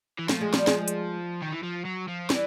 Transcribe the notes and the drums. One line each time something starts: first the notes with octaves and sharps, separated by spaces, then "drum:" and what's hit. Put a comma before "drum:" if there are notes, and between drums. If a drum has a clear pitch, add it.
E3
F3 A3, drum: snare
G#3
G3, drum: snare
G#3, drum: snare
drum: hi-hat
D#3
E3
F3
F#3
F3
E3 G3, drum: snare